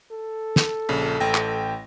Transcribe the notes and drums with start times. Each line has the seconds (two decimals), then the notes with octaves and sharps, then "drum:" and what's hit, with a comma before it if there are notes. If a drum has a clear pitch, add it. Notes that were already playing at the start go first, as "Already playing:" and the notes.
0.11 A4
0.56 drum: snare
0.89 A#1 C#3
1.20 A1 G5 A#6
1.35 drum: clap